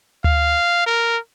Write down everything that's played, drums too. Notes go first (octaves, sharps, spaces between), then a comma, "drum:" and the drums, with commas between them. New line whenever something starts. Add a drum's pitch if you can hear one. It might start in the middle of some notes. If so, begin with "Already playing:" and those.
F5, drum: tom D2
A#4